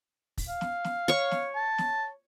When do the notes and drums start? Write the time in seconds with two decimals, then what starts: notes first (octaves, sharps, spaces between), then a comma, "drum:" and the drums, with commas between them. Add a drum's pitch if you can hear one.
0.38 drum: kick, open hi-hat
0.48 F5
0.61 drum: snare
0.84 drum: snare
1.08 C#5 C#6
1.31 drum: snare
1.55 A5
1.78 drum: snare